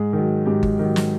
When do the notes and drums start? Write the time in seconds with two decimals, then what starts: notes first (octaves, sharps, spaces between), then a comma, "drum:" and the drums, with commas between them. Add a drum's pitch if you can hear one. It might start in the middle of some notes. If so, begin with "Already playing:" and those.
Already playing: G#2 G#4
0.13 D#3 F#3
0.46 G#2 G4
0.63 drum: kick G1
0.79 D#3 F#3
0.96 drum: snare